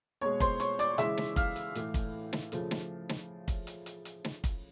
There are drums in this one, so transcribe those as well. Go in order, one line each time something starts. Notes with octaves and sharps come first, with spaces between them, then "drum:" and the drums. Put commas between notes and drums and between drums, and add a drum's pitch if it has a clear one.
B2 G#3 C#5 C#6
C5 C6, drum: kick, hi-hat
C#5 C#6, drum: hi-hat
D5 D6, drum: hi-hat
C#3 E3 G#3 E5 E6, drum: hi-hat
drum: snare
F5 F6, drum: kick, hi-hat
drum: hi-hat
A2 E3 A3, drum: hi-hat
drum: kick, hi-hat
drum: snare
C#3 F3 A3, drum: hi-hat
drum: snare
drum: snare
drum: kick, hi-hat
drum: hi-hat
drum: hi-hat
drum: hi-hat
drum: snare
drum: kick, hi-hat